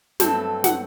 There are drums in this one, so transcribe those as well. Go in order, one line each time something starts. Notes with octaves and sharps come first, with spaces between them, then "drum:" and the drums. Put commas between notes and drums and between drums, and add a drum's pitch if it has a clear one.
G2 F#3 A3 C4 A5, drum: snare
F#5, drum: snare